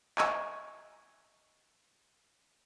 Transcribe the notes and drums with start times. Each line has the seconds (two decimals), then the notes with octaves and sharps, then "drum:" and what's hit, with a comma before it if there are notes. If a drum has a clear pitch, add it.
0.18 D#5 E5 G#5 C#6 E6 G#6, drum: clap